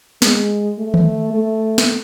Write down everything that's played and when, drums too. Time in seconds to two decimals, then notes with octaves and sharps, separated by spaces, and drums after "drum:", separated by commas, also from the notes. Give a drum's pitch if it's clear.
0.22 G#3, drum: snare
0.78 A3
0.94 drum: tom D#3
1.33 A3
1.78 drum: snare